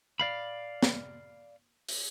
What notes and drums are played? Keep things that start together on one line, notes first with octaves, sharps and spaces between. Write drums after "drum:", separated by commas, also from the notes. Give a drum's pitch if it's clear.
D5 F5 B5
drum: snare
drum: open hi-hat